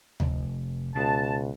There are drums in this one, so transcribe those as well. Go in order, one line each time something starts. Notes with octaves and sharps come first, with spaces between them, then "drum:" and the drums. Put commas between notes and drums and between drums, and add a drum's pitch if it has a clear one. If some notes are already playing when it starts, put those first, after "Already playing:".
F1, drum: tom D2
C#2 B2 A5